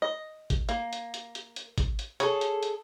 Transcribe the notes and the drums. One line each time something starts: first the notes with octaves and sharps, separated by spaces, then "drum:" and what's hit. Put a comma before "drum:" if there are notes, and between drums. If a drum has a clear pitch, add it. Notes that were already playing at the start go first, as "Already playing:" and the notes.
D#5
drum: kick G#1, hi-hat
A#3, drum: hi-hat
drum: hi-hat
drum: hi-hat
drum: hi-hat
drum: hi-hat
drum: kick G#1, hi-hat
drum: hi-hat
G#4 A4 C#5, drum: hi-hat
drum: hi-hat
drum: hi-hat